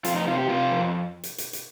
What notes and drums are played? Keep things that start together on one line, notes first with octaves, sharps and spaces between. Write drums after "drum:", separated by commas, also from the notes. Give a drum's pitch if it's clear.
F2 F4, drum: hi-hat
D#4
C3 F4
G4
C3 F4
F2
drum: hi-hat
drum: hi-hat
drum: hi-hat